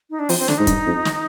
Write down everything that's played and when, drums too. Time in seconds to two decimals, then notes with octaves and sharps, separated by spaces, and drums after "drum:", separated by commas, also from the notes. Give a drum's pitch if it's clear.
0.10 D#4
0.19 D4
0.29 F3 C4, drum: open hi-hat
0.39 C4
0.48 D3 D4, drum: snare
0.58 G#2 D#4
0.67 G2, drum: kick, hi-hat
0.86 F2
1.05 drum: snare